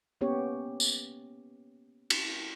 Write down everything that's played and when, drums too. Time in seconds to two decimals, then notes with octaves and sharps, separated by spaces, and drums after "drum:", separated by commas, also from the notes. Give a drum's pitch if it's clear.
0.21 A#3 B3 C#4 G4 C#5
0.80 drum: tambourine
2.10 drum: cymbal